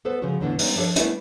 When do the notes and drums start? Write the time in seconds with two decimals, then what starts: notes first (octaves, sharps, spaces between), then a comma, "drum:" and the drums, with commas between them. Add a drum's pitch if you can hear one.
0.05 B3 A4 B4 C5
0.22 C#3 F3 G#3 C#4 F#4
0.41 E2 A2 D3 E3 B3 D4
0.59 G3 G#3 B3 C#4 D#4, drum: open hi-hat
0.76 F3 D4 G4 A4 C#5
0.96 G3 A3 B3 C#4 D4 E4, drum: hi-hat